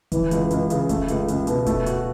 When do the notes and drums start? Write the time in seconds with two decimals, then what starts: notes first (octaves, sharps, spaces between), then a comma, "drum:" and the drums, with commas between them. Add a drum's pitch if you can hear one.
0.12 E3, drum: kick D#1, hi-hat
0.31 C#2, drum: hi-hat
0.51 C#2, drum: hi-hat
0.70 C#3, drum: hi-hat
0.89 A3, drum: kick D#1, hi-hat
1.08 C#2, drum: hi-hat
1.28 C#2, drum: hi-hat
1.47 B2, drum: hi-hat
1.66 A3, drum: kick D#1, hi-hat
1.86 F#4, drum: hi-hat